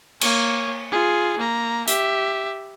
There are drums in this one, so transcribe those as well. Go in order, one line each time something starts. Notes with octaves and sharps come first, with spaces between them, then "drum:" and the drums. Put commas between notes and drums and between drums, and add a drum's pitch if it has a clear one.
A#3 C#5, drum: cymbal
F4 G#4
A#3 A#5
G4 E5, drum: hi-hat